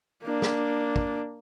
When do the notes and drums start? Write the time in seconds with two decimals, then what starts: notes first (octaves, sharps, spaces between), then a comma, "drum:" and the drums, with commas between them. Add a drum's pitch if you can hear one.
0.24 A#3 D4
0.42 drum: snare
0.96 drum: kick